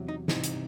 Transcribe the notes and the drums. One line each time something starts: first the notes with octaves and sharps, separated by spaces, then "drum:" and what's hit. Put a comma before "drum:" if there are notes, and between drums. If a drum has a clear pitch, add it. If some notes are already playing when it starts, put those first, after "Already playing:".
Already playing: E2 C3 F#3
D#4
C2 C3 E3 D#4, drum: snare
drum: hi-hat